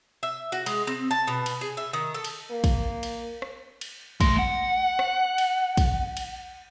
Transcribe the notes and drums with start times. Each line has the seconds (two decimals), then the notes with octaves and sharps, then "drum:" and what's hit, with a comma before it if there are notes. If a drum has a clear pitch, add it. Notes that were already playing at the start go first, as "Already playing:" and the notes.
0.23 E5
0.52 F#4
0.66 G#3, drum: cymbal
0.87 C4
1.11 A5
1.27 B2
1.46 drum: cymbal
1.61 G#4
1.77 E5
1.93 D#3
2.14 A4
2.24 drum: cymbal
2.51 A#3
2.64 drum: kick, cymbal
3.03 drum: cymbal
3.42 drum: rim click
3.81 drum: cymbal
4.21 A3 C6, drum: kick, cymbal
4.39 F#5
4.99 drum: rim click
5.38 drum: cymbal
5.77 drum: kick, cymbal
6.17 drum: cymbal